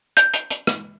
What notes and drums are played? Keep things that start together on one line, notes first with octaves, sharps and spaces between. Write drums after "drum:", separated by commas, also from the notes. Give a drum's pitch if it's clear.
G6, drum: hi-hat
drum: hi-hat
drum: hi-hat
drum: rim click